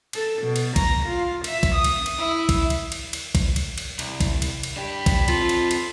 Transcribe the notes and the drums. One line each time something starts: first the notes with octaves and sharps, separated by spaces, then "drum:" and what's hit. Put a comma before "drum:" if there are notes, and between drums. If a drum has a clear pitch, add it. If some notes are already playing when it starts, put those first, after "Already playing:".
A4, drum: cymbal
B2
drum: cymbal
A#5, drum: kick A#1, cymbal
F4
E5, drum: cymbal
drum: kick A#1, cymbal
D#6
drum: cymbal
drum: cymbal
E4
drum: kick A#1, cymbal
drum: cymbal
drum: cymbal
drum: cymbal
drum: kick A#1, cymbal
drum: cymbal
drum: cymbal
C2, drum: cymbal
drum: kick A#1, cymbal
drum: cymbal
drum: cymbal
D4 G4 B5
drum: kick A#1, cymbal
C4 F4 A4, drum: cymbal
drum: cymbal
drum: cymbal